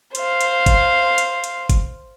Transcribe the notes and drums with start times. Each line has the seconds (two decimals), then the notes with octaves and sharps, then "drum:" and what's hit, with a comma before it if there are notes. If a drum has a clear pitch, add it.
0.15 C5 F5, drum: hi-hat
0.41 drum: hi-hat
0.66 drum: kick, hi-hat
1.18 drum: hi-hat
1.44 drum: hi-hat
1.70 drum: kick, hi-hat